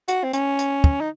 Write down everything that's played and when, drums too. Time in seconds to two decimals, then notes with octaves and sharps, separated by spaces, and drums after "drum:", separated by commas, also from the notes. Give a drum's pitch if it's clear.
0.08 F#4, drum: hi-hat
0.24 C4
0.33 C#4, drum: hi-hat
0.59 drum: hi-hat
0.84 drum: kick
1.01 D#4